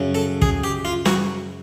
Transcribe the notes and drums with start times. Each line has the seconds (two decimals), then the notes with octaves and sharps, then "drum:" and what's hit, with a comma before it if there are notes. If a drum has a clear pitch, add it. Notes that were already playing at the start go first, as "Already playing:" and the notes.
Already playing: F#2 C#3 F#3
0.15 A4
0.42 G#4, drum: kick
0.64 G4
0.85 F4
1.06 F#4, drum: snare